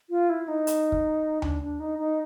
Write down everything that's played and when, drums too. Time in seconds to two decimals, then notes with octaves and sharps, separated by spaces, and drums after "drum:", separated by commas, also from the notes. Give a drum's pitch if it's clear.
0.10 F4
0.30 E4
0.48 D#4
0.67 drum: hi-hat
0.92 drum: kick
1.42 D4, drum: tom D2
1.62 D4
1.80 D#4
1.99 D#4